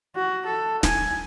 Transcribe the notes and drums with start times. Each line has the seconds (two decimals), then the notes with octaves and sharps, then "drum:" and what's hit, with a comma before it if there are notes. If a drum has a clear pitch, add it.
0.16 F#4
0.46 A4
0.83 G#5, drum: snare